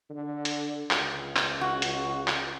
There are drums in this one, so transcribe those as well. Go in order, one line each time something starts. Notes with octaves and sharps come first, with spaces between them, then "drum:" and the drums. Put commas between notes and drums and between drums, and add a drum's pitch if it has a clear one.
D3
drum: hi-hat
C#2, drum: clap
drum: clap
F#4
drum: hi-hat
drum: clap